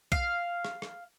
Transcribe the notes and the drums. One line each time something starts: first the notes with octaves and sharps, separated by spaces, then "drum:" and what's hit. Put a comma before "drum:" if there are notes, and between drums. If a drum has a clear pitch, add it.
F5, drum: kick B1
drum: rim click
drum: rim click